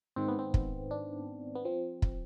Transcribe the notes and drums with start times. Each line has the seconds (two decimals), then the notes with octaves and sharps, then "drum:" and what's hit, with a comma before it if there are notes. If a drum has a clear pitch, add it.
0.16 G#2 D#3 C4
0.28 B3
0.39 C4
0.54 drum: kick
0.91 D4
1.55 B3
1.65 F3 C4
2.02 drum: kick